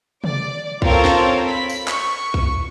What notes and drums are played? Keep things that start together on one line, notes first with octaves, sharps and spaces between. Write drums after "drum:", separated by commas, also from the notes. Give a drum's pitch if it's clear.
D5, drum: tom C3
C4 F4 A4 A#4 C5 C#5, drum: kick B1
drum: snare
B5 B6
drum: tambourine
C#6, drum: clap
drum: kick B1